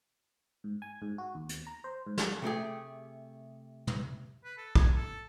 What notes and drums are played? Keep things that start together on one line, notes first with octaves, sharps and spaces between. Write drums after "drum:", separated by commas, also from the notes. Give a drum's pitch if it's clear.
G#2
G#5
G#2
F#4
D#2
drum: hi-hat
A#5
C5
G#2
drum: snare
C3 A3 G4 G#4
drum: tom
B4
A4
G#4, drum: kick
A4